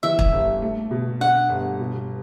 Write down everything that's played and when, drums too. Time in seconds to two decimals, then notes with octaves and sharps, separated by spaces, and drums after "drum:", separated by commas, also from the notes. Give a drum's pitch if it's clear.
0.03 E3 E5
0.19 drum: kick
0.32 G1
0.62 A3
0.91 B2
1.21 D3 F#5
1.50 G1
1.79 B2